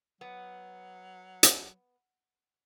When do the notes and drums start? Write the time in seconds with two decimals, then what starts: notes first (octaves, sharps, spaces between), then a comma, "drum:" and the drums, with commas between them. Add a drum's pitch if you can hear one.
0.21 F#3 B3
1.43 drum: hi-hat